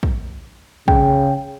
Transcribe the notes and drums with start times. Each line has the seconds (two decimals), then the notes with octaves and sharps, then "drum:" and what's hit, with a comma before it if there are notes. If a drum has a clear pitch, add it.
0.03 drum: kick
0.88 C#3 G5, drum: kick